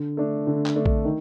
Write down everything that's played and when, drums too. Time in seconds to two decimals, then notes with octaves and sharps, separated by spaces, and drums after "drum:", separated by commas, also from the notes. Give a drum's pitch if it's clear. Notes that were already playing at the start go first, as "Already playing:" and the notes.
Already playing: D3
0.17 A3 D4
0.47 D3
0.66 drum: clap
0.76 A3 D4
0.86 drum: kick A#1
1.05 D#3